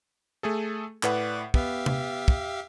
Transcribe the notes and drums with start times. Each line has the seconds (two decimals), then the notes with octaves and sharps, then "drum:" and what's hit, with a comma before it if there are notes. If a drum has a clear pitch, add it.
0.43 A3 G#4 A4
1.03 A2 B4 D5 F#5, drum: clap
1.54 B3 G4 E5 F5, drum: kick
1.86 drum: tom C3
2.28 drum: kick